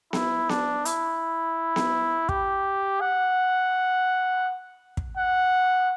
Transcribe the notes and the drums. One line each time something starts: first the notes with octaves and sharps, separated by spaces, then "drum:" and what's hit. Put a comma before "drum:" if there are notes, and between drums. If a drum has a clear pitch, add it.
E4, drum: snare B3
D4, drum: snare B3
E4, drum: hi-hat
drum: snare B3
G4, drum: kick
F#5
drum: kick
F#5